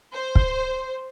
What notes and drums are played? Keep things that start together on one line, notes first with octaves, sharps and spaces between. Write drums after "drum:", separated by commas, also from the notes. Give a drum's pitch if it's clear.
C5
drum: kick